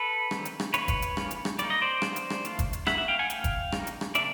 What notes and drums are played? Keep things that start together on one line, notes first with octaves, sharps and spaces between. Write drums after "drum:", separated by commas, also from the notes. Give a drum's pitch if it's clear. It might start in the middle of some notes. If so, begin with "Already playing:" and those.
Already playing: A4 B4
D#3 G3 C4, drum: rim click
drum: hi-hat
drum: rim click
F3 A3 D4 F4 B4 C#5, drum: hi-hat
drum: kick, hi-hat
drum: hi-hat
E3 G3 A#3 C#4 F4, drum: rim click
drum: hi-hat
drum: rim click
G3 A#3 D#4 D5, drum: hi-hat
D#5
C5 D5
G3 B3 D4 F4, drum: rim click
drum: hi-hat
drum: rim click
E3 A3 D4 F4, drum: hi-hat
drum: kick, hi-hat
drum: hi-hat
F#3 A#3 C#4 E4 E5 F#5, drum: rim click
E5 F#5
F5 G5
F#5 G#5
E3 A3 C#4 F5 G5, drum: hi-hat
drum: kick, hi-hat
C#3 E3 G3 A#3 D#4, drum: rim click
drum: hi-hat
drum: rim click
C#3 F3 A#3 D4 D5 E5, drum: hi-hat